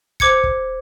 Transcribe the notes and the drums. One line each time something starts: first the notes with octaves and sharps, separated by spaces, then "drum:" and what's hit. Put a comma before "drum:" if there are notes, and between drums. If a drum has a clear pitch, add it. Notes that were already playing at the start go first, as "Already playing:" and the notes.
C5 D6 G#6 C#7, drum: kick
drum: kick